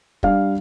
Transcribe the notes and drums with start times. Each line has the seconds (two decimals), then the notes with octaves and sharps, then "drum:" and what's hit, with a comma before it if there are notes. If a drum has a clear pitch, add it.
0.23 G3 D4 F5, drum: kick